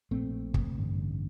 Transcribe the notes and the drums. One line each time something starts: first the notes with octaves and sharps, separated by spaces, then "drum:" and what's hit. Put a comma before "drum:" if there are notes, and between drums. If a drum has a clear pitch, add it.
A#1 A#2 A3 C4
drum: kick
A1 G2 D3